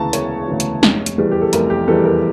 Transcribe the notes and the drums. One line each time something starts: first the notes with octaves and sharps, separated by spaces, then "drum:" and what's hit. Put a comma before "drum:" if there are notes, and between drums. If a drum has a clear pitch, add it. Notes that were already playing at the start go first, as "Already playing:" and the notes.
Already playing: E1 D2 C#3 E3 A5 A#5 C#6
E1 C#5, drum: hi-hat
D2 C#3 E3
drum: hi-hat
F1, drum: snare
drum: hi-hat
E2 E3 G3
G4
A4
F1 A#4, drum: hi-hat
G4
E2 E3 G3 A4
A#4